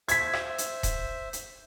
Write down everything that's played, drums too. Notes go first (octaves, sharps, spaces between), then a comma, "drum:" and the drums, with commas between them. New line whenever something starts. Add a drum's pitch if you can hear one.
C5 E5 G#6 B6, drum: hi-hat
drum: rim click
drum: hi-hat
drum: kick D#1, hi-hat
drum: hi-hat